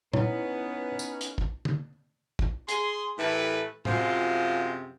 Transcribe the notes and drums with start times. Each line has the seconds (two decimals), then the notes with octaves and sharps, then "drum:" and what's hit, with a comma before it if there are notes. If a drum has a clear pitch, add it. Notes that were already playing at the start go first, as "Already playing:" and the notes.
0.13 B3 C#4 D#4 E4 B4 C#5, drum: tom
0.99 drum: tambourine
1.21 drum: hi-hat
1.38 drum: kick
1.65 drum: tom
2.39 drum: kick
2.69 G#4 C6, drum: hi-hat
3.17 A2 E3 A3 G4 A#4 B4
3.85 F#2 C3 F3 G#3 F4 C5, drum: tom